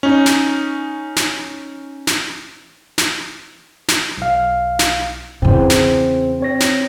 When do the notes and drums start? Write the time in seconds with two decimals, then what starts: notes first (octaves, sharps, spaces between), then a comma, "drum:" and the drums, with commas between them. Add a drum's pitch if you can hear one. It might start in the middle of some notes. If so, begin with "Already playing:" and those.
0.03 C#4 D#4
0.26 drum: snare
1.16 drum: snare
2.07 drum: snare
2.98 drum: snare
3.88 drum: snare
4.17 B1 F5
4.79 drum: snare
5.42 E2 C#3 C4 C5
5.70 drum: snare
6.40 C4 C#5 A#6
6.60 drum: snare